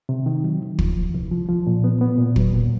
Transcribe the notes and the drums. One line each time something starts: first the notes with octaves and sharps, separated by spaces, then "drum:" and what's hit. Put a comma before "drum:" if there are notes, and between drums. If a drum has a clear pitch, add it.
C3
D#3
F#3
D#3
F3, drum: kick
C2
C2
F3
F3
A#2
B3
B3
A#2
F#3, drum: kick
A#2